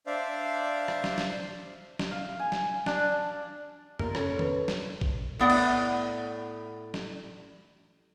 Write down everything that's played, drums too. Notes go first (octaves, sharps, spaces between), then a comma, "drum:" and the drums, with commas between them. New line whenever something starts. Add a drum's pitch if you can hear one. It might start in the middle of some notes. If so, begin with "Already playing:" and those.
D4 C5 D5 E5 F5
drum: rim click
drum: snare
drum: snare
drum: snare
F5
G#5
drum: snare
D4, drum: snare
A#3 F4 A#4 D5, drum: tom F2
C#4 A4 C#5, drum: rim click
B4, drum: tom D#3
drum: snare
drum: kick
A2 B3 D5 F#5
drum: cymbal
drum: snare